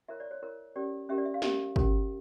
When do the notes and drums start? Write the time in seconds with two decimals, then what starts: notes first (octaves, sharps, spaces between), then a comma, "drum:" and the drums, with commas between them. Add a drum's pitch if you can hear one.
0.08 E4 A#4 C#5 E5
0.20 D5
0.31 C#5
0.43 E4 A#4 C#5
0.76 C#4 G4 A#4 D5
1.09 C#4 G4 A#4 E5
1.18 D5
1.25 E5
1.34 F5
1.42 C#4 G4 A#4 E5, drum: snare
1.76 C#4 G4 A#4, drum: kick